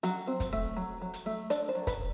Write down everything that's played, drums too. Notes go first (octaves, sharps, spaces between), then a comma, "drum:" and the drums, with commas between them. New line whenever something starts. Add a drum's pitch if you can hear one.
F#3 F#4, drum: hi-hat
C4
drum: kick, hi-hat
A3
F#3
F#3
drum: hi-hat
A3
D4 D5, drum: hi-hat
C5
F#3
B4, drum: kick, hi-hat